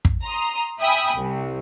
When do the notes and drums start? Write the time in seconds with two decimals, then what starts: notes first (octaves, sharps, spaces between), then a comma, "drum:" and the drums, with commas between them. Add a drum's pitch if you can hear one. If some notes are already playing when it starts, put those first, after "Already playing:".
0.05 drum: kick
0.24 A#5 C6 D#6
0.80 E5 G5 G#5 B5 D#6
1.16 C2